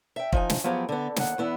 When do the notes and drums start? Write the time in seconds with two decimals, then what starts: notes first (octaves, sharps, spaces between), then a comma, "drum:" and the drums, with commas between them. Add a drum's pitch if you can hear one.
0.16 E5 G5
0.33 F3 D#4 G#5, drum: kick
0.50 drum: snare
0.64 F3 F#3 B3 G4 G#4
0.89 D3 B3
1.16 D#2 F#5, drum: snare
1.38 E2 B3 E4 F#5